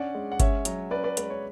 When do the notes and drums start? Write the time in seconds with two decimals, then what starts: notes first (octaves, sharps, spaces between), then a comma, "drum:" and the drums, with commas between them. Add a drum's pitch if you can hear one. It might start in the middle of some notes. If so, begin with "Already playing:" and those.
Already playing: C#4 D4 D5 F#5
0.15 G#3
0.32 F#5
0.40 C#4 C#5 E5, drum: kick G1, hi-hat
0.65 F#3, drum: hi-hat
0.91 C#4 B4 D5
1.04 B4 D5
1.17 G#3 B4 D5, drum: hi-hat
1.30 C#5